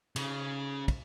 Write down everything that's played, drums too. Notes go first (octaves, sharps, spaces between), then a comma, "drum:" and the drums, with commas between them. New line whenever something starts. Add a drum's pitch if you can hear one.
C#3, drum: cymbal
drum: kick, cymbal